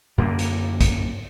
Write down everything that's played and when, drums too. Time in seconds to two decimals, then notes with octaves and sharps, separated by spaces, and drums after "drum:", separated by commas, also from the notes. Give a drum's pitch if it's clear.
0.18 F#2 D3 A#3
0.39 drum: hi-hat
0.81 drum: kick A#1, hi-hat